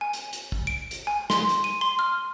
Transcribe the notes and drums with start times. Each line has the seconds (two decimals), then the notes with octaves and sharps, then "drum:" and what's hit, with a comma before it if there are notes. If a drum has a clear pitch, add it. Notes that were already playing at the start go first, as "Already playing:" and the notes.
0.01 G#5
0.13 drum: hi-hat
0.33 drum: hi-hat
0.52 drum: kick
0.67 D7
0.91 drum: hi-hat
1.07 G#5
1.30 C6, drum: snare
1.49 drum: hi-hat
1.64 D#7
1.81 C6
1.99 F6